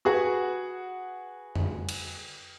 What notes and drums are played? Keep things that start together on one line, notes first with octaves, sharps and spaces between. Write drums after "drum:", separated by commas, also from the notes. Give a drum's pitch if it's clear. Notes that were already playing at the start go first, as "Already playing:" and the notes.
F#4 G#4 B4 F#5
drum: tom F2
drum: cymbal